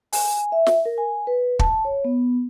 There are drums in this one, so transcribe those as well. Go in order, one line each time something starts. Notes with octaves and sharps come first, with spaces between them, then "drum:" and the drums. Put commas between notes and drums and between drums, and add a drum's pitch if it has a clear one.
G#5, drum: open hi-hat
E5
drum: snare
A#4
G#5
B4
A5, drum: kick
C#5
B3